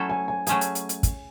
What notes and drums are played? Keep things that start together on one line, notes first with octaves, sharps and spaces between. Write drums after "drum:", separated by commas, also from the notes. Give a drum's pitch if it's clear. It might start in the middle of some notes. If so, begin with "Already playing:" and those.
Already playing: F#3 A3 C#4 E4 A4
G#5
G#5
F#3 A3 C#4 G#4 G#5, drum: hi-hat
drum: hi-hat
drum: hi-hat
drum: hi-hat
drum: kick, hi-hat